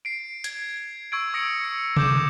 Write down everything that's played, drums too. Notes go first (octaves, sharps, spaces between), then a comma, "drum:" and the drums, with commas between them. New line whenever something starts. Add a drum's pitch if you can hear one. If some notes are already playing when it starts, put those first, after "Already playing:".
C7 D7
G#6, drum: hi-hat
C#6 E6 G#6 D7
D#6 A#6 C#7 D7
C#7
D6 G6 E7, drum: tom C3